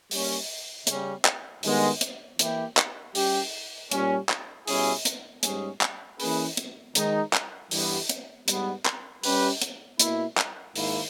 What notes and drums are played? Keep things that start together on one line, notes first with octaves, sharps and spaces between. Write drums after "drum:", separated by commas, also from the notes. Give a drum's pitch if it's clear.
G3 A#3 C#4, drum: open hi-hat
C#3 G3 C#4, drum: hi-hat
drum: clap
G2 D#3 G#3 B3, drum: open hi-hat
drum: hi-hat
E3 A#3 E4 G4, drum: hi-hat
drum: clap
G3 C#4 G4, drum: open hi-hat
A#2 G3 C#4, drum: hi-hat
drum: clap
B2 G3 C#4 E4 G#4, drum: open hi-hat
drum: hi-hat
G#2 G3 C#4 G#4, drum: hi-hat
drum: clap
E3 A#3 C#4 G#4 B4, drum: open hi-hat
drum: hi-hat
D#3 G#3 D#4, drum: hi-hat
drum: clap
G2 E3 G3 B3 G4, drum: open hi-hat
drum: hi-hat
G#2 G3 B3, drum: hi-hat
drum: clap
G3 C#4 G4 B4, drum: open hi-hat
drum: hi-hat
B2 A#3 E4, drum: hi-hat
drum: clap
G#2 D#3 A#3 E4, drum: open hi-hat